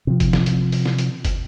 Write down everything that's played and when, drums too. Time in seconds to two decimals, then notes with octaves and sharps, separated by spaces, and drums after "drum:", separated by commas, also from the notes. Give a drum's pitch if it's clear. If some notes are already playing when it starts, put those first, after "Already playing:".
0.07 C3 F3
0.20 drum: kick, hi-hat
0.33 drum: snare
0.46 drum: hi-hat
0.72 drum: open hi-hat
0.85 drum: snare
0.98 drum: hi-hat
1.25 drum: kick, hi-hat